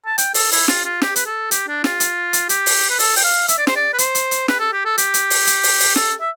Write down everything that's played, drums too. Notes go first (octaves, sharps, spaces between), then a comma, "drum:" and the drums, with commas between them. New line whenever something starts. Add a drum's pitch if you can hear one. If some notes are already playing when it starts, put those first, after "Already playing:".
A5
G5, drum: hi-hat
A4, drum: open hi-hat
E4, drum: open hi-hat
F4, drum: snare
F4
G4, drum: snare
B4, drum: hi-hat
A4
G4, drum: hi-hat
D4
F4, drum: snare
drum: hi-hat
drum: hi-hat
G4, drum: hi-hat
drum: open hi-hat
B4
A4, drum: open hi-hat
G5, drum: open hi-hat
F5
E5, drum: hi-hat
D5
C5, drum: snare
D5
B4
C5, drum: hi-hat
drum: hi-hat
drum: hi-hat
B4, drum: snare
A4
G4
A4
G4, drum: hi-hat
drum: hi-hat
drum: open hi-hat
drum: hi-hat
drum: open hi-hat
drum: open hi-hat
A4, drum: snare
E5